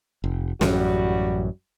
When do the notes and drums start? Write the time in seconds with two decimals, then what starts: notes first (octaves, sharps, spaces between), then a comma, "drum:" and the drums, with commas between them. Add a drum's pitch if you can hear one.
0.24 F1
0.61 A1 F#2 G3 F#4, drum: snare